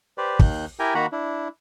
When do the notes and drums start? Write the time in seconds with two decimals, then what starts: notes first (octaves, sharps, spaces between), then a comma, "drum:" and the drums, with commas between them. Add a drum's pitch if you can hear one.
0.18 G4 B4 C5 D5
0.39 D#2 D#3 F#6 G6, drum: kick
0.79 E4 G4 A#4 G5 G#5 A#5
0.95 D#3 A#3 F#4 F#5 A#5 B5
1.12 D4 E4